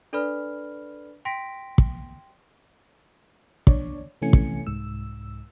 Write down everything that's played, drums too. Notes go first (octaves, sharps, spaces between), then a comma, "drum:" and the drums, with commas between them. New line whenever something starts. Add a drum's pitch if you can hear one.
D4 A4 B4 D5 B5 F6
G5 C6 A#6 B6 D7
drum: kick
D4 C#5 D5, drum: kick
C3 E3 A3 C#4 G#5 C#7
drum: kick
C2 G#2 E6